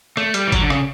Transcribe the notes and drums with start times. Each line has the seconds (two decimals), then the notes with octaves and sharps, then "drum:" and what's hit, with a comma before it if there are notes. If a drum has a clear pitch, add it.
0.17 A3, drum: rim click
0.34 G3, drum: hi-hat
0.47 E3
0.52 F#3, drum: kick G#1, hi-hat
0.62 D3
0.70 C#3, drum: rim click